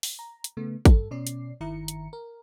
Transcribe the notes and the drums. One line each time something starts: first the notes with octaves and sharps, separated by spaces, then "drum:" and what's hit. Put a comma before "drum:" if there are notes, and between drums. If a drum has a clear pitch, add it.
drum: open hi-hat
A#5
drum: hi-hat
C#3 A3 B3
G2 A4, drum: kick, hi-hat
B2 C#4 D5 C7
drum: hi-hat
G1 D#3 E4 A#5 C#7
drum: hi-hat
A#4